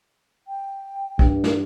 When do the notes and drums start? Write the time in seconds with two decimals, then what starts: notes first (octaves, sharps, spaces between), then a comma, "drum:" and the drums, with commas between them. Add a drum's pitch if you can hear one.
0.48 G5
1.19 G2, drum: kick
1.44 drum: snare